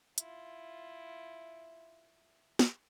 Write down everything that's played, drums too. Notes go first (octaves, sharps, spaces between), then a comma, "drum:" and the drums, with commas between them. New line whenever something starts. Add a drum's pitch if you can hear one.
E4 F4, drum: hi-hat
drum: snare